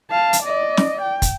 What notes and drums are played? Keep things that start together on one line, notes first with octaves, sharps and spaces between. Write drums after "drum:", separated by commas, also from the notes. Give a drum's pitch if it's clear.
F5 A5
drum: hi-hat
D5 D#5
drum: snare
G5
drum: kick, hi-hat